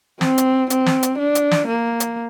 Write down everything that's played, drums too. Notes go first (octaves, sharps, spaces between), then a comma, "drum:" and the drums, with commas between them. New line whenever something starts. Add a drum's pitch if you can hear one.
C4, drum: snare
drum: hi-hat
C4, drum: hi-hat
drum: snare
drum: hi-hat
D4
drum: hi-hat
drum: snare
A#3
drum: hi-hat